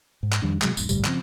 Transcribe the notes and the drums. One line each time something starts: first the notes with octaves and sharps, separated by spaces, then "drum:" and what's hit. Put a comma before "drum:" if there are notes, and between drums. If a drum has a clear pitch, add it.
G#2
drum: clap
F2 D#3 G3 D4
C3 F#3 G#3, drum: clap
E1 B1 G#2, drum: tambourine
G1 C2 A2 G3, drum: tambourine
C#3 F3 C4, drum: clap